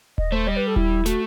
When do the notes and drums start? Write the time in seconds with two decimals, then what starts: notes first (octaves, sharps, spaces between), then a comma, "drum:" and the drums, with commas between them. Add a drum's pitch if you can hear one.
0.18 D#5, drum: kick D#1
0.32 A3 C5
0.47 G3 D#5
0.56 B4
0.67 A4
0.76 E4, drum: kick D#1
1.06 A3 F#4, drum: snare